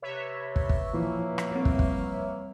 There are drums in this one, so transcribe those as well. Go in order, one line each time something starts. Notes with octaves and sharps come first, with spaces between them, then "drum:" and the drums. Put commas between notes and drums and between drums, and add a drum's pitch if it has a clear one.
C3 B4 C#5 E5
drum: kick
drum: kick
A#2 E3 F3 A#3
drum: rim click
G3 C4
drum: kick
drum: kick